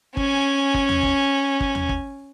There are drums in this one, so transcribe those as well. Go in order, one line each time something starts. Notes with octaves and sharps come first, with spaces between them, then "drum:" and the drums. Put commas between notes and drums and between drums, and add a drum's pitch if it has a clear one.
C#4 G#5, drum: kick
drum: kick
drum: tom
drum: kick
drum: kick
drum: tom
drum: kick